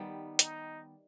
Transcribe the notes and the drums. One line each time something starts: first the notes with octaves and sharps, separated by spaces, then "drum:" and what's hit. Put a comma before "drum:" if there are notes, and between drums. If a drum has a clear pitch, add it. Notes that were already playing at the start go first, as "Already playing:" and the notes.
Already playing: D#3 G3 B3
D#4, drum: hi-hat